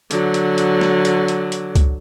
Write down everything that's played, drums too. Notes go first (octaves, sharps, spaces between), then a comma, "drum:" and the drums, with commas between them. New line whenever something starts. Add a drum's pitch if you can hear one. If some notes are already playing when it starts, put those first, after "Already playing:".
D3 F#3, drum: hi-hat
drum: hi-hat
drum: hi-hat
drum: snare
drum: hi-hat
drum: hi-hat
drum: hi-hat
drum: kick C#2, hi-hat